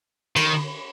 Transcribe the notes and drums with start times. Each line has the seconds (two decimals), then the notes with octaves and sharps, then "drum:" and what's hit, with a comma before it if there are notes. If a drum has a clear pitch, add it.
0.36 D#3, drum: cymbal